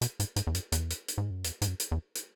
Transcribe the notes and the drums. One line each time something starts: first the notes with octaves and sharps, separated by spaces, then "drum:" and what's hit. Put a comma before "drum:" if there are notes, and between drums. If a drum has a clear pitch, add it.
B2, drum: hi-hat
G#2, drum: hi-hat
G#2, drum: hi-hat
E2
F#2, drum: hi-hat
E2, drum: hi-hat
drum: hi-hat
drum: hi-hat
G#2
F#2
E2, drum: hi-hat
G#2, drum: hi-hat
F#2
drum: hi-hat
E2
drum: hi-hat